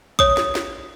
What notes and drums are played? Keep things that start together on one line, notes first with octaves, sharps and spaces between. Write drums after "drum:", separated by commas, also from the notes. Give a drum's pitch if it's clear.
C#5 D#6, drum: kick
drum: snare
drum: snare